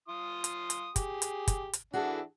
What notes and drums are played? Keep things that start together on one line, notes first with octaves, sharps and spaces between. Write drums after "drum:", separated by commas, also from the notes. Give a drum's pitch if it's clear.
F4 C6 D#6
drum: hi-hat
drum: hi-hat
G4 G#4, drum: kick, hi-hat
drum: hi-hat
drum: kick, hi-hat
drum: hi-hat
E3 D4 E4 F#4 G#4 A4